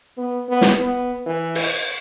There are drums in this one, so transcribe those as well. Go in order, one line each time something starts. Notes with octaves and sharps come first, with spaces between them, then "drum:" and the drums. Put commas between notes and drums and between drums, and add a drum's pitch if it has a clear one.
B3
B3
drum: snare
B3
E3
drum: open hi-hat